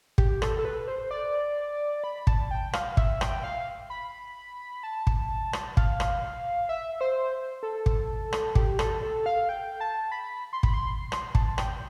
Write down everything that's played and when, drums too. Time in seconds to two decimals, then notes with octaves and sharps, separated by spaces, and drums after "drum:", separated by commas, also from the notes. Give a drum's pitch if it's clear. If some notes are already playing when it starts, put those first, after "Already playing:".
0.18 G4, drum: kick
0.42 A4, drum: rim click
0.58 A4
0.65 B4
0.88 C5
1.11 D5
2.04 B5
2.27 A5, drum: kick
2.51 G5
2.73 F5, drum: rim click
2.97 E5, drum: kick
3.21 G5, drum: rim click
3.44 F5
3.90 B5
4.83 A5
5.07 drum: kick
5.53 drum: rim click
5.77 F5, drum: kick
6.00 drum: rim click
6.69 E5
7.01 C5
7.63 A4
7.86 drum: kick
8.33 drum: rim click
8.55 G4, drum: kick
8.79 A4, drum: rim click
9.03 A4
9.26 F5
9.49 G5
9.81 A5
10.12 B5
10.53 C6
10.63 B5, drum: kick
10.74 C6
11.12 drum: rim click
11.35 A5, drum: kick
11.58 G5, drum: rim click